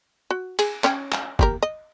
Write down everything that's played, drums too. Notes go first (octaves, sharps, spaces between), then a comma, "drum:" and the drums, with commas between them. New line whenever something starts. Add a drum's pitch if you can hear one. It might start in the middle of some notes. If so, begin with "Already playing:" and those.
F#4
G#4, drum: cymbal
C#4 C#5 G5, drum: clap
drum: clap
A#3 G4 A#4, drum: kick
D#5